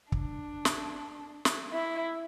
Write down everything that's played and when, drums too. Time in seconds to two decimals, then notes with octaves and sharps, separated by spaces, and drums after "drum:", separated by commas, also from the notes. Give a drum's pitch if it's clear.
0.12 D4, drum: kick
0.65 drum: snare
1.45 drum: snare
1.72 E4